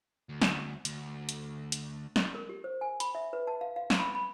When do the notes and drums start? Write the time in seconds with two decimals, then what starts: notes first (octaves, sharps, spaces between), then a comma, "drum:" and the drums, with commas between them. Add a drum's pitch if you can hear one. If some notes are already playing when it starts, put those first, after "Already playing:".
0.29 D2
0.42 drum: snare
0.85 D2, drum: hi-hat
1.29 drum: hi-hat
1.72 drum: hi-hat
2.16 drum: snare
2.35 A#4
2.49 G4
2.64 C5
2.81 G#5
3.00 B5, drum: hi-hat
3.15 E5
3.33 B4
3.47 A5
3.61 F5
3.76 F5
3.90 drum: snare
4.00 B5
4.15 B5